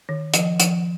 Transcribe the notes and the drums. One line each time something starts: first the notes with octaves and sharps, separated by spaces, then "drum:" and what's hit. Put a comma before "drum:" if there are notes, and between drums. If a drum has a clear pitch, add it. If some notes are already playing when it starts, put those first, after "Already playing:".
D#3
F3 D#5, drum: hi-hat
F3, drum: hi-hat